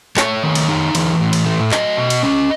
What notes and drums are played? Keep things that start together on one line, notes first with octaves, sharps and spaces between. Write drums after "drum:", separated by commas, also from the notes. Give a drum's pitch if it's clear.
A3 C#5, drum: clap
D#3
drum: cymbal
D#4
E3, drum: cymbal
A2
drum: cymbal
A3
F#3 D#5, drum: clap
B2
drum: cymbal
C#4